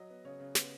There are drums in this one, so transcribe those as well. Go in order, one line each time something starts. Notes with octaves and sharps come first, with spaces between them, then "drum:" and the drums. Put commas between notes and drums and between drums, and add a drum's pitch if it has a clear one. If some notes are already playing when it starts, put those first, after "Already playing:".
Already playing: F#3 D#5
B3
C#3 C#5
C#3
B3, drum: snare